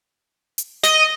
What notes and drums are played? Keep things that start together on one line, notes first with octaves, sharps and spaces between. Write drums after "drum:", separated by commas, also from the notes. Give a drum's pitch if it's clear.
drum: hi-hat
D#5, drum: snare